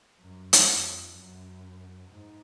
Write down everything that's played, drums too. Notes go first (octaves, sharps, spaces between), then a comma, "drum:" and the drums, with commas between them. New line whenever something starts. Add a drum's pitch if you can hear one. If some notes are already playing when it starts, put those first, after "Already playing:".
F#2
drum: hi-hat
F2
F#2
G#2